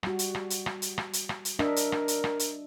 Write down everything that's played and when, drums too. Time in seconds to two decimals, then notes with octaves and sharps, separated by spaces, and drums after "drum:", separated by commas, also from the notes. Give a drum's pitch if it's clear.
0.03 G3 F#4, drum: rim click
0.19 drum: hi-hat
0.35 drum: rim click
0.50 drum: hi-hat
0.66 drum: rim click
0.82 drum: hi-hat
0.98 drum: rim click
1.13 drum: hi-hat
1.29 drum: rim click
1.45 drum: hi-hat
1.59 D4 A#4 D#5 E5, drum: rim click
1.76 drum: hi-hat
1.92 drum: rim click
2.08 drum: hi-hat
2.24 drum: rim click
2.39 drum: hi-hat